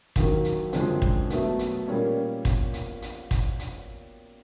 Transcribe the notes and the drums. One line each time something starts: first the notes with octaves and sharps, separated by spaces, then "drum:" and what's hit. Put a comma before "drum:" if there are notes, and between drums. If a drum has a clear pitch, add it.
D#2 D#3 F#3, drum: kick, hi-hat
drum: hi-hat
F#2 D3 F3 G#3 C4, drum: hi-hat
drum: kick
B2 F#3 A3, drum: hi-hat
drum: hi-hat
A#2 G3 A#3 C#4
drum: kick, hi-hat
drum: hi-hat
drum: hi-hat
drum: kick, hi-hat
drum: hi-hat